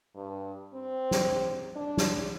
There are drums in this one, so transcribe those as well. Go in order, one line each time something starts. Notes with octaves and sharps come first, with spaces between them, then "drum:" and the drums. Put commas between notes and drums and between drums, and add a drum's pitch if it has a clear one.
G2
C4
drum: snare
D4
drum: snare